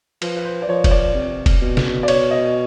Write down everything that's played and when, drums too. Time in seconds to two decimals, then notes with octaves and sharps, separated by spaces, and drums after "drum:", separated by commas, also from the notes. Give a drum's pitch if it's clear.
0.22 F3 B4, drum: cymbal
0.37 B4
0.45 C5
0.62 D5
0.68 F3 C#5
0.84 C#5, drum: kick F1, cymbal
0.91 D5
1.15 C3
1.46 drum: kick F1, cymbal
1.62 B2
1.77 drum: snare
2.03 D5
2.08 C#5, drum: cymbal
2.31 D#5